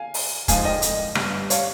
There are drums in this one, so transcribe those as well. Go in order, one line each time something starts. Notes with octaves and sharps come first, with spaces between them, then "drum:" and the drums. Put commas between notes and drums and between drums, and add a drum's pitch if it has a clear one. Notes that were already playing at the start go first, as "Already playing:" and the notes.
Already playing: F5 G#5
drum: open hi-hat
G#1 G#2 F3 G#3 D#4 F5 G#5, drum: kick, hi-hat
D#5 G5
drum: hi-hat
G1 G2 G3, drum: rim click
C#5 F5, drum: hi-hat